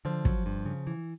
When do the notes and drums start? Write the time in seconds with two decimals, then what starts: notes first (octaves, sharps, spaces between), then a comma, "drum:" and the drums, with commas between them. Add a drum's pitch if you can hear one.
0.05 D3 F3
0.25 F#3, drum: kick
0.46 G2
0.66 C#3
0.87 E3